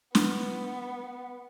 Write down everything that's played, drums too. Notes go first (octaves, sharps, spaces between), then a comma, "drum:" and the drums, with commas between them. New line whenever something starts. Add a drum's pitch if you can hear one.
B3, drum: snare